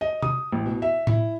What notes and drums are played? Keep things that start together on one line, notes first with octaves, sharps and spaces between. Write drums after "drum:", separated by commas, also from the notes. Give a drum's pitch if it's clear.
D#5
D#6, drum: tom
A1
B2
E5
E4, drum: tom A2